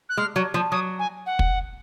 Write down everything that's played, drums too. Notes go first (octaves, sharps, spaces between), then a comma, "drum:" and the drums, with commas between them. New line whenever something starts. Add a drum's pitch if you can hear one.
F#6
G#3 F6
F#3
F3
F#3 D#6
G#5
F#5
drum: kick